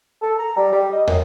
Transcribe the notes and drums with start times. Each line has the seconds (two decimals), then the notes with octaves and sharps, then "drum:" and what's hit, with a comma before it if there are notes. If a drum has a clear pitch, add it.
0.22 A4
0.38 A#5
0.57 G3
0.72 G3
0.92 D#5
1.07 F#2, drum: tom